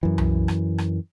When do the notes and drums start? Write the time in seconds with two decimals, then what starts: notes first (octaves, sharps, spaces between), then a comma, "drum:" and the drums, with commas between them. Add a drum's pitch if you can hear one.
0.03 F#2 E3
0.18 drum: tom C2
0.48 drum: rim click
0.78 drum: rim click